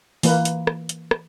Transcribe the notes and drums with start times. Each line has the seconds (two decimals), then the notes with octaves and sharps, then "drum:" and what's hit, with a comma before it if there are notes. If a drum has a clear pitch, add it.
0.23 E3 A#3 B4, drum: open hi-hat
0.45 drum: hi-hat
0.67 drum: rim click
0.89 drum: hi-hat
1.11 drum: rim click